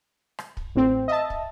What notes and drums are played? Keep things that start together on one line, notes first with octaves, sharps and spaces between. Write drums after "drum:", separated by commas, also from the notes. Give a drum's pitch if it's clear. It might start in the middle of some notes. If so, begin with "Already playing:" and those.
drum: rim click
drum: kick
A1 C4
D#5 E5 A5
drum: kick